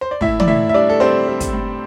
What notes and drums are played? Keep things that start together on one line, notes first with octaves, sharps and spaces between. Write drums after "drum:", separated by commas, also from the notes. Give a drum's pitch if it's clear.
C5
D5
A2 E4 E5, drum: kick
D5, drum: tom
A2 E4 E5
E5
G3 D4 D5
A4
G3 C4 C5
G3
drum: kick, hi-hat
A2